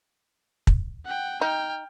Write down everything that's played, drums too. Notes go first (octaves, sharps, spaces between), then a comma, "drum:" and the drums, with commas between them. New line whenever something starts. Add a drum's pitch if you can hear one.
drum: kick
F#5 G5
D#4 G5 F6